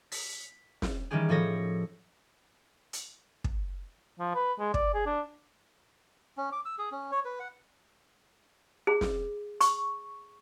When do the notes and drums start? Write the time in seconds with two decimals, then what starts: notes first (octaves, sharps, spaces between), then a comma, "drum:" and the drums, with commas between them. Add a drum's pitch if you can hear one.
0.12 B6, drum: open hi-hat
0.82 drum: snare
1.11 D#3 E3 G3 C#4 G4 G#4
1.29 A2 F3 A4 C#5 A#6
2.93 drum: hi-hat
3.44 drum: kick
4.19 F3
4.35 B4
4.59 G#3
4.74 D5, drum: kick
4.94 G#4
5.06 D4
6.37 C#4
6.52 D6
6.65 E6
6.79 G#4
6.92 C#4
7.12 C#5
7.25 B4
7.39 F#5
8.87 G#4
9.01 drum: snare
9.61 C#6, drum: hi-hat